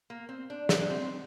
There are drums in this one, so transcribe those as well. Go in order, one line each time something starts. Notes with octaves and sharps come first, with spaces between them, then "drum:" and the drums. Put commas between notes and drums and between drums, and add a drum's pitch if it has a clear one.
A#3
C4
D4
D4, drum: snare
C4